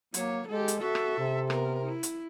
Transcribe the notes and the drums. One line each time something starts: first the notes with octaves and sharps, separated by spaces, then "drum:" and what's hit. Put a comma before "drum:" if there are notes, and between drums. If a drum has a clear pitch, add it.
F#3 A#3 C#5, drum: hi-hat
G#3 G4 A4
drum: hi-hat
F#4 A4 E5
drum: rim click
C3
B3 A#4, drum: rim click
E4
drum: hi-hat